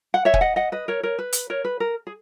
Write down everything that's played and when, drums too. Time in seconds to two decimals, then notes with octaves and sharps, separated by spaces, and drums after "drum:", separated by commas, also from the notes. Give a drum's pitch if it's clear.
0.14 F#5
0.25 C#5 E5
0.34 G#5, drum: kick
0.41 D#5 F#5
0.56 D#5 F#5
0.72 B4 D#5
0.88 A#4 C#5
1.03 A#4 C#5
1.19 B4
1.33 drum: hi-hat
1.50 A#4 C#5
1.65 B4
1.80 A#4
2.07 G#4